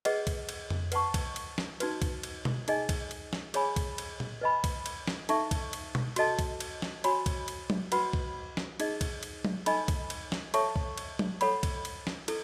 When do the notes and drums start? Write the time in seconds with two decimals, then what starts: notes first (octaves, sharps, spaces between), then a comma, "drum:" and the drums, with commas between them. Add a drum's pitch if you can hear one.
0.05 G#4 B4 D#5 F#5, drum: cymbal
0.27 drum: kick B1, cymbal
0.49 drum: cymbal
0.70 drum: tom F2
0.92 B4 F#5 A5 C#6, drum: cymbal
1.14 drum: kick B1, cymbal
1.36 drum: cymbal
1.58 drum: snare
1.80 D#4 F#4 B4, drum: cymbal
2.02 drum: kick B1, cymbal
2.23 drum: cymbal
2.45 drum: tom B2
2.68 D#4 G#4 D#5 G#5, drum: cymbal
2.89 drum: kick B1, cymbal
3.11 drum: cymbal
3.33 drum: snare
3.54 G#4 C#5 G#5 B5, drum: cymbal
3.76 drum: kick B1, cymbal
3.98 drum: cymbal
4.20 drum: tom A#2
4.41 B4 D#5 G#5 B5
4.64 drum: kick B1, cymbal
4.86 drum: cymbal
5.08 drum: snare
5.29 D#4 A4 E5 A5 C#6, drum: cymbal
5.51 drum: kick B1, cymbal
5.73 drum: cymbal
5.95 drum: tom B2
6.16 F#4 A4 D#5 A5, drum: cymbal
6.39 drum: kick B1, cymbal
6.60 drum: cymbal
6.82 drum: snare
7.04 F#4 C#5 G#5 B5, drum: cymbal
7.26 drum: kick B1, cymbal
7.48 drum: cymbal
7.70 drum: tom F#3
7.92 F#4 B4 F#5 B5, drum: cymbal
8.13 drum: kick B1
8.57 drum: snare
8.80 D#4 G#4 D#5, drum: cymbal
9.01 drum: kick B1, cymbal
9.23 drum: cymbal
9.45 drum: tom F#3
9.66 D#4 A4 D#5 G#5 B5, drum: cymbal
9.88 drum: kick B1, cymbal
10.10 drum: cymbal
10.32 drum: snare
10.54 A4 C#5 E5 A5 C#6, drum: cymbal
10.76 drum: kick B1
10.97 drum: cymbal
11.19 drum: tom F#3
11.41 A4 C#5 F#5 B5, drum: cymbal
11.63 drum: kick B1, cymbal
11.85 drum: cymbal
12.07 drum: snare
12.28 E4 A4, drum: cymbal